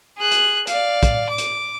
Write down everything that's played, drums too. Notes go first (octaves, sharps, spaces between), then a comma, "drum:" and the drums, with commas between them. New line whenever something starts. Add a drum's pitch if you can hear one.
G#4 F#6
drum: hi-hat
D5 F5, drum: hi-hat
drum: kick, hi-hat
D6
drum: hi-hat